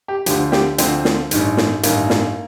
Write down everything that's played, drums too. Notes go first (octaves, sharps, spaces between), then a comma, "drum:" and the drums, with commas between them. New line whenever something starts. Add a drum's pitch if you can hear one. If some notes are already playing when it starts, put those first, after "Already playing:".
G4
D2 D3 F3 G4, drum: hi-hat
G4, drum: snare
D2 D3 F3 C4, drum: hi-hat
drum: snare
A1 G2 D#3, drum: hi-hat
drum: snare
A1 G2 D#3 A#3, drum: hi-hat
drum: snare